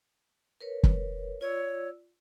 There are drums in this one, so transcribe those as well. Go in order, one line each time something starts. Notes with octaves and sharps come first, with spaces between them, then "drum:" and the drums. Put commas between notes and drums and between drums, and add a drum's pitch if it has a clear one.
A#4 B4 C#5
drum: kick
F4 C#5 D5 E6